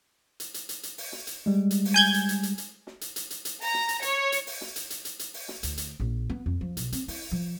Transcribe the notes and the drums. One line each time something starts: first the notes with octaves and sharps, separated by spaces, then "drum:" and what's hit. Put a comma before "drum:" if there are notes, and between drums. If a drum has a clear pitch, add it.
drum: hi-hat
drum: hi-hat
drum: hi-hat
drum: hi-hat
drum: open hi-hat
drum: snare
drum: hi-hat
G3 G#3
drum: hi-hat
drum: open hi-hat
G#5 G6 G#6
drum: hi-hat
drum: hi-hat
drum: hi-hat
drum: hi-hat
drum: snare
drum: hi-hat
drum: hi-hat
drum: hi-hat
drum: hi-hat
A#5, drum: open hi-hat
drum: snare
drum: hi-hat
C#5, drum: hi-hat
drum: hi-hat
drum: open hi-hat
drum: snare
drum: hi-hat
drum: hi-hat
drum: hi-hat
drum: hi-hat
drum: open hi-hat
drum: snare
D2, drum: hi-hat
drum: hi-hat
A#1
B3
F2
F3
B1, drum: hi-hat
C4, drum: hi-hat
E4, drum: open hi-hat
F3